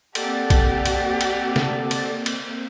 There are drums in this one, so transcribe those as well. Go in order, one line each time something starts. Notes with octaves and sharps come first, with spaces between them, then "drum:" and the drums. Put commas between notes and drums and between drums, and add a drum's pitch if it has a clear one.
A#3 C4 G4 A4 D5 F#5 A6, drum: cymbal
drum: kick A#1, cymbal
drum: cymbal
drum: cymbal
drum: snare
drum: cymbal
drum: cymbal